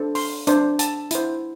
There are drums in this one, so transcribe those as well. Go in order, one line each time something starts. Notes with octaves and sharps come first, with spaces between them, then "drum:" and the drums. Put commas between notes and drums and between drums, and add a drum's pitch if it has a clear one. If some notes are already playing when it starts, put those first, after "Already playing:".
Already playing: D4 A4 C5
C6, drum: open hi-hat
D4 C5, drum: hi-hat
A5, drum: hi-hat
E4 C5, drum: hi-hat